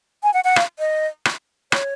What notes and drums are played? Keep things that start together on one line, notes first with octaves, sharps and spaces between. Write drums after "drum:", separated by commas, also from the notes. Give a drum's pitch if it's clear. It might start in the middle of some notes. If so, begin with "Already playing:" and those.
G#5
F#5
F#5
F5, drum: rim click
D#5
drum: rim click
C#5, drum: rim click